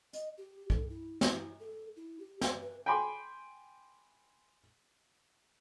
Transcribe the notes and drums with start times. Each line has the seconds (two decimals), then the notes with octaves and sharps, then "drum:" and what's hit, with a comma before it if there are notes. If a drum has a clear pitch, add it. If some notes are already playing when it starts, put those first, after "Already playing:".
0.13 D#5, drum: hi-hat
0.38 G4
0.70 A4, drum: kick C2
0.90 E4
1.21 E4, drum: snare
1.60 A4
1.96 E4
2.20 G4
2.41 D5, drum: snare
2.61 B4
2.86 G5 G#5 B5 C6 D6